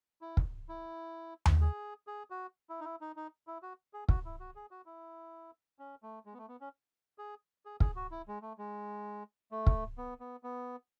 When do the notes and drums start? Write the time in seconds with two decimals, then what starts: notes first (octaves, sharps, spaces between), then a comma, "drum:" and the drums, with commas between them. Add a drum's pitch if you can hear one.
0.21 E4
0.37 drum: kick
0.69 E4
1.45 drum: tom D#2
1.61 G#4
2.07 G#4
2.30 F#4
2.69 E4
2.80 D#4
2.85 E4
3.01 D#4
3.16 D#4
3.47 E4
3.62 F#4
3.93 G#4
4.09 F#4, drum: kick
4.25 E4
4.40 F#4
4.55 G#4
4.71 F#4
4.86 E4
5.79 C#4
6.03 A3
6.26 G#3
6.33 B3
6.38 A3
6.48 B3
6.61 C#4
7.18 G#4
7.66 G#4
7.80 G#4, drum: kick
7.96 F#4
8.11 E4
8.28 G#3
8.42 A3
8.58 G#3
9.51 A3
9.67 drum: kick
9.98 B3
10.20 B3
10.44 B3